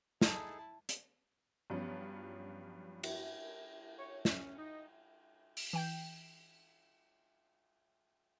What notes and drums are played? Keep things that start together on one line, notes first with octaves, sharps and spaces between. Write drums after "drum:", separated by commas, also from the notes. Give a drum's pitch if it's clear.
D#4 E4 G#4 A4 A5, drum: snare
drum: hi-hat
G2 F3 F#3 B3 C#4
drum: cymbal
C#5
C#4, drum: snare
D#4
drum: open hi-hat
E3 G5 G6